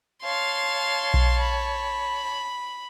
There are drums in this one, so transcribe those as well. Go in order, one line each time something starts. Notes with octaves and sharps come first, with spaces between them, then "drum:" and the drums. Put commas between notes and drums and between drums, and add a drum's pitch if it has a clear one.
C#5 F5 A5 C6
drum: kick B1
B5